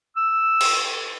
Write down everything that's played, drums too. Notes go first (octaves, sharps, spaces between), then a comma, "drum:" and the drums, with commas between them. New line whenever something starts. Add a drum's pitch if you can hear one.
E6
drum: cymbal